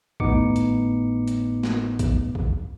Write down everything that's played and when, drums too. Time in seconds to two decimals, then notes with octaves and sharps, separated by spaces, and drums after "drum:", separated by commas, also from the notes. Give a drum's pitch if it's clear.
0.20 G#1 A2 B3 D#4 D6 C#7, drum: kick A#1
0.56 drum: hi-hat
1.28 drum: hi-hat
1.63 drum: snare
1.99 drum: kick A#1, hi-hat
2.35 drum: kick A#1